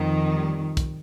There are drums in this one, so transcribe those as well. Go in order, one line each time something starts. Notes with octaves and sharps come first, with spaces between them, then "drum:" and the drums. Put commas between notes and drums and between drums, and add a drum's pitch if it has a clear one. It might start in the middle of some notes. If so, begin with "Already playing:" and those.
Already playing: F2 D#3
G3
drum: kick, hi-hat